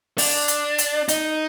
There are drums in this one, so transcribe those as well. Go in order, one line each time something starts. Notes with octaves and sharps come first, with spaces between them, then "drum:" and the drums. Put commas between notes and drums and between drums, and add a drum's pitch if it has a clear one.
D4, drum: open hi-hat
drum: hi-hat
drum: hi-hat
D#4, drum: hi-hat